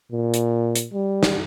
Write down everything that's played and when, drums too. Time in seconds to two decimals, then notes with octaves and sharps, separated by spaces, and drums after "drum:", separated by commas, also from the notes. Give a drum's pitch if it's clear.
0.12 A#2
0.34 drum: hi-hat
0.75 drum: hi-hat
0.94 G3
1.23 drum: snare